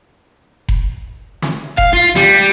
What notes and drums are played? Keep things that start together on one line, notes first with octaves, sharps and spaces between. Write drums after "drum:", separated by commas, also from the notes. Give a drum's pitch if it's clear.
drum: kick F1
drum: snare
F5, drum: kick F1
F4
G3, drum: snare